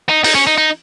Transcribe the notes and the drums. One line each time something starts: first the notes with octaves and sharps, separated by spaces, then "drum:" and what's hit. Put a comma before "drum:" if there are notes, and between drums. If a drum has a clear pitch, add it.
D#4
D#4, drum: open hi-hat
C#4
D#4
D#4